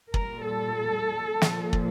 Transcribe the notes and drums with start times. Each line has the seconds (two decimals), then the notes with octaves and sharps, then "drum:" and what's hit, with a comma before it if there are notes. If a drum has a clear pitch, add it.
0.14 G3 A#4, drum: kick
0.19 A#2
0.46 A4
1.42 A#2 F3, drum: snare
1.73 drum: kick